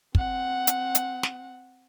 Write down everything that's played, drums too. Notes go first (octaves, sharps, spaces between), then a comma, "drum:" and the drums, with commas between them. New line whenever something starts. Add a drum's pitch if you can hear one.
C4 F#5, drum: kick
drum: hi-hat
drum: hi-hat
drum: snare